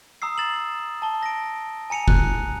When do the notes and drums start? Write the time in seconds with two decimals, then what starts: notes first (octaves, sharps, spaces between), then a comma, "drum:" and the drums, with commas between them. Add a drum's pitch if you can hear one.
0.22 A#5 D#6 E6 C7
0.38 A6 E7 F#7
1.02 A5 G7
1.23 A#6 D7
1.90 G#5 A#5 C#7 D#7 F7
2.08 F#6, drum: kick F1